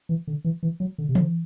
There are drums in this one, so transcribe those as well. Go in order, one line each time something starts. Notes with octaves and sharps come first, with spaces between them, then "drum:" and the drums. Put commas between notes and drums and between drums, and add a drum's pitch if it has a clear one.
E3
D3
E3
E3
F#3
D3
C3
D3, drum: tom E3